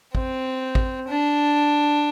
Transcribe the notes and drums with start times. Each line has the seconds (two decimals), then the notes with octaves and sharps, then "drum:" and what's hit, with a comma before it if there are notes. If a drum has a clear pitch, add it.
0.15 C4, drum: kick
0.75 drum: kick
1.09 D4